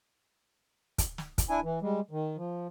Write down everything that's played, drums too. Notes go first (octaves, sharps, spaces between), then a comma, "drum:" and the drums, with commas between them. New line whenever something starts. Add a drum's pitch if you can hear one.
drum: kick, hi-hat
drum: snare
drum: kick, hi-hat
D4 E4 G#5
E3
G3 G#3
D#3
F3